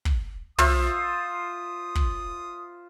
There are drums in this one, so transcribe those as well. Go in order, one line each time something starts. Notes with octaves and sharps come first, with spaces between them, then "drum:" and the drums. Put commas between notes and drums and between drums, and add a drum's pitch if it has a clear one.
drum: kick
F4 C5 E5 D#6, drum: tom
drum: kick